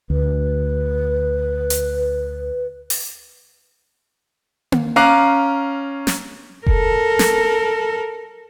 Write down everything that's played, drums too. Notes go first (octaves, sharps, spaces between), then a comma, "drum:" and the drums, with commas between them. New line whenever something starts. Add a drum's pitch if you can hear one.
D2 B4
drum: hi-hat
drum: open hi-hat
drum: tom A#3
C#4 F5 A#5 D6 F#6 C7
drum: snare
A4 A#4, drum: kick F1
drum: snare